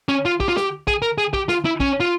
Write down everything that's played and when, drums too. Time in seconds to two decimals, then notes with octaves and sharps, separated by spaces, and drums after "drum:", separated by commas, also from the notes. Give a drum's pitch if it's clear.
0.09 C#4
0.25 F4
0.40 G4, drum: kick
0.49 F4
0.57 G4, drum: snare
0.88 G#4, drum: kick
1.02 A#4
1.18 G#4
1.34 G4, drum: kick
1.49 F4, drum: snare
1.65 E4
1.80 C#4, drum: kick
2.00 F4